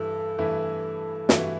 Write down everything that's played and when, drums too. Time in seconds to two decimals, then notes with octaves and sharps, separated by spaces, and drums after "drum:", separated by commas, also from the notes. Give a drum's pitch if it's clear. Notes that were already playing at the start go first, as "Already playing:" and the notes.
Already playing: G2 E3 E4 A4
0.38 G2 E3 A3 E4
1.29 G2 E3 A3 E4 F#4, drum: snare